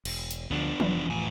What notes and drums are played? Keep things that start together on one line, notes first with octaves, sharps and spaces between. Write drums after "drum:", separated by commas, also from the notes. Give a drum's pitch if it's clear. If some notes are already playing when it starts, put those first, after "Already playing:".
E1, drum: cymbal
drum: hi-hat
D2 D3 F3 B3 D4
F1 E3 F3, drum: tom F3
A2 G#5